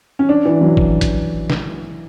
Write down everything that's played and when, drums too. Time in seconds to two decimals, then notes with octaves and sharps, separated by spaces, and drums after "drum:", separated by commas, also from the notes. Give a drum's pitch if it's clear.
0.19 C#4
0.29 D4
0.45 E3
0.61 F#3
0.77 drum: kick A1
1.01 drum: kick A1, hi-hat
1.50 drum: snare